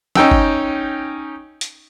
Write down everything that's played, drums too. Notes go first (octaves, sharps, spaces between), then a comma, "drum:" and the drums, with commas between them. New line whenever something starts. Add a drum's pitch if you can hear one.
C#4 D#4 G5 E6, drum: snare
drum: kick G1
drum: hi-hat